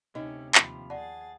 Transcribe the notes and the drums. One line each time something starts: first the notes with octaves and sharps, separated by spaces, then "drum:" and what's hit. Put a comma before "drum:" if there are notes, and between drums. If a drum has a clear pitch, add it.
D2 C3 C#4 D#4 D#5
D#2 F3 B5, drum: clap
D#2 G#4 D5 F#5 A5 A6